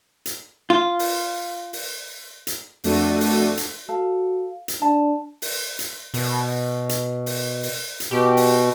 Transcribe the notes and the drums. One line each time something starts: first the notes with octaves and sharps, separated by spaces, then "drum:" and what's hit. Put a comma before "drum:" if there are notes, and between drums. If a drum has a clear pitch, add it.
drum: hi-hat
F4
drum: open hi-hat
drum: open hi-hat
drum: hi-hat
F2 A3 D4 F#4 A4 D#7, drum: open hi-hat
drum: open hi-hat
drum: hi-hat
F#4 A4 F5
drum: hi-hat
D4 A5
drum: open hi-hat
drum: hi-hat
B2, drum: open hi-hat
drum: hi-hat
drum: open hi-hat
drum: open hi-hat
drum: hi-hat
B2 G4
drum: open hi-hat